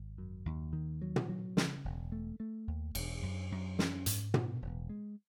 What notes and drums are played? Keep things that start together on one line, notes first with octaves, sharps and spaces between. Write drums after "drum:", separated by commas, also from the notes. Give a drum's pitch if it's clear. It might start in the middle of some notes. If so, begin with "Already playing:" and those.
Already playing: G#1
F#2
D#2
D#3
F#3
drum: tom
F#3
C#3, drum: snare
E1
A3
A3
D#2
E1, drum: cymbal
F#2
F#2
C#4, drum: snare
G#2, drum: hi-hat
B2, drum: tom
E1
G#3